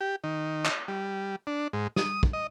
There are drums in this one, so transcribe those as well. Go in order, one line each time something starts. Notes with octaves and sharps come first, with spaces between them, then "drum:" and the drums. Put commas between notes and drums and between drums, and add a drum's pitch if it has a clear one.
G4
D#3
drum: clap
G3
D4
G#2
D#6, drum: snare
drum: kick
D#5